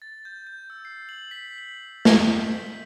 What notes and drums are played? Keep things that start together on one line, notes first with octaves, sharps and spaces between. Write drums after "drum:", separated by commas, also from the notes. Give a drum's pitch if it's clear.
A6
G6
G6
E6
C7
F#7
B6
F#7
B6, drum: snare
G6
B6